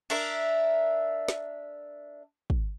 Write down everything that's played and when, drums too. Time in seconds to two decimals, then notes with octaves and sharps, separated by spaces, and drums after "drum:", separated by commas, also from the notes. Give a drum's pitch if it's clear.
0.10 D4 A#4 E5, drum: cymbal
1.28 drum: snare
2.50 drum: kick